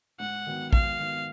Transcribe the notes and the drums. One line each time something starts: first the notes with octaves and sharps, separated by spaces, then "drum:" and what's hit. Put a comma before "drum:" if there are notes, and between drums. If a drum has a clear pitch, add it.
G#2 F#5
D#3 F#3 B3
G#2 F5, drum: kick
D#3 F#3 B3